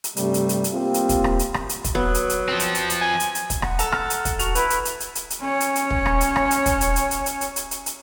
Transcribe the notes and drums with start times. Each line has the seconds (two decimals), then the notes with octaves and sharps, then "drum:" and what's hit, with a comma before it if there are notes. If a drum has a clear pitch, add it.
0.04 drum: hi-hat
0.17 G2 C3 G3 A3, drum: hi-hat
0.34 drum: hi-hat
0.49 drum: hi-hat
0.64 drum: hi-hat
0.74 A#3 C4 F4 G4
0.94 drum: hi-hat
1.09 drum: kick, hi-hat
1.24 drum: rim click
1.39 drum: hi-hat
1.54 drum: rim click
1.69 drum: hi-hat
1.84 drum: kick, hi-hat
1.95 F#3 B3
2.14 drum: hi-hat
2.30 drum: hi-hat
2.48 F3 C4
2.60 drum: hi-hat
2.75 drum: hi-hat
2.90 drum: hi-hat
3.02 G#5
3.20 drum: hi-hat
3.35 drum: hi-hat
3.50 drum: kick, hi-hat
3.62 F#5, drum: rim click
3.79 A4 A#5, drum: hi-hat
3.92 F6, drum: rim click
4.10 drum: hi-hat
4.25 drum: kick, hi-hat
4.39 F#4 F7, drum: hi-hat
4.55 E4 B4, drum: hi-hat
4.70 drum: hi-hat
4.85 drum: hi-hat
5.00 drum: hi-hat
5.15 drum: hi-hat
5.30 drum: hi-hat
5.41 C#4 C#5
5.60 drum: hi-hat
5.75 drum: hi-hat
5.91 drum: kick
6.06 drum: rim click
6.21 drum: hi-hat
6.36 drum: rim click
6.51 drum: hi-hat
6.66 drum: kick, hi-hat
6.81 drum: hi-hat
6.96 drum: hi-hat
7.11 drum: hi-hat
7.26 drum: hi-hat
7.41 drum: hi-hat
7.56 drum: hi-hat
7.71 drum: hi-hat
7.86 drum: hi-hat